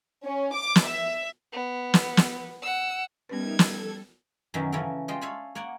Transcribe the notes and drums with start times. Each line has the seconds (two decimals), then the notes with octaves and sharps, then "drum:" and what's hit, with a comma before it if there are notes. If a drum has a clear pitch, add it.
0.24 C#4
0.53 D6
0.76 drum: snare
0.87 E5
1.53 B3
1.94 drum: snare
2.17 drum: snare
2.62 F#5 E6
3.29 G3 B3 C#4 D#4 A#4 B4 E5 G#6
3.59 A4, drum: snare
4.54 F#2 B2 D#3 E3 F#3 C#4
4.72 C#3 E3 C#4 A4 A#4
5.08 G3 G#3 F4 D#5 G5
5.21 C#5 E5 F5 G#5 A5 B5
5.55 A#3 C#5 D5 F#5 G#5